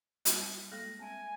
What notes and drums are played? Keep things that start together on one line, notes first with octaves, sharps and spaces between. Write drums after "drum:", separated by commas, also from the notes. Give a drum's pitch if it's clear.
G3 C4 F#4, drum: hi-hat
G#3 A#3 A4 A#6
C4 E5 G#5